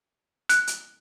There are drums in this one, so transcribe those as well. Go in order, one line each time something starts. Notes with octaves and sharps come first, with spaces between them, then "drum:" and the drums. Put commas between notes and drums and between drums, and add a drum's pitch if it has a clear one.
F#6, drum: hi-hat
drum: hi-hat